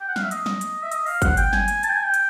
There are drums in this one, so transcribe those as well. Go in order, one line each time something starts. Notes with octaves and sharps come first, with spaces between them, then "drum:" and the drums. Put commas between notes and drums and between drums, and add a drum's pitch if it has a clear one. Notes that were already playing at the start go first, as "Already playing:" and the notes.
G5
F#5
F5, drum: snare
E5
D#5, drum: hi-hat
drum: snare
drum: hi-hat
E5
D#5, drum: hi-hat
F5, drum: open hi-hat
F#5, drum: kick G1, hi-hat
G5, drum: hi-hat
G#5, drum: snare
drum: hi-hat
A5, drum: hi-hat
G5
G#5
G5
drum: hi-hat